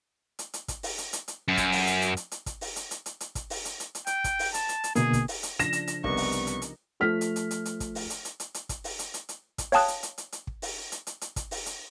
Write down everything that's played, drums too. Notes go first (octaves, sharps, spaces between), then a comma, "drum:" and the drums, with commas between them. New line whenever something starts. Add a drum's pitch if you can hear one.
drum: hi-hat
drum: hi-hat
drum: kick, hi-hat
drum: open hi-hat
drum: hi-hat
drum: hi-hat
drum: hi-hat
F#2
drum: kick, hi-hat
drum: open hi-hat
drum: hi-hat
drum: hi-hat
drum: hi-hat
drum: hi-hat
drum: kick, hi-hat
drum: open hi-hat
drum: hi-hat
drum: hi-hat
drum: hi-hat
drum: hi-hat
drum: kick, hi-hat
drum: open hi-hat
drum: hi-hat
drum: hi-hat
drum: hi-hat
G5, drum: hi-hat
drum: kick, hi-hat
drum: open hi-hat
A5, drum: hi-hat
drum: hi-hat
drum: hi-hat
B2 D3 A#3 G#4, drum: hi-hat
drum: kick, hi-hat
drum: open hi-hat
drum: hi-hat
C#3 F3 D4 A#6 E7, drum: hi-hat
drum: hi-hat
drum: hi-hat
C2 B3 D#4 A#4 C#6, drum: kick
drum: open hi-hat
drum: hi-hat
drum: hi-hat
drum: hi-hat
F3 A3 F6 B6
drum: hi-hat
drum: hi-hat
drum: hi-hat
drum: hi-hat
drum: kick, hi-hat
drum: open hi-hat
drum: hi-hat
drum: hi-hat
drum: hi-hat
drum: hi-hat
drum: kick, hi-hat
drum: open hi-hat
drum: hi-hat
drum: hi-hat
drum: hi-hat
drum: kick, hi-hat
C#5 F5 G5 A5 D#6 F#6, drum: open hi-hat
drum: hi-hat
drum: hi-hat
drum: hi-hat
drum: hi-hat
drum: kick
drum: open hi-hat
drum: hi-hat
drum: hi-hat
drum: hi-hat
drum: kick, hi-hat
drum: open hi-hat
drum: hi-hat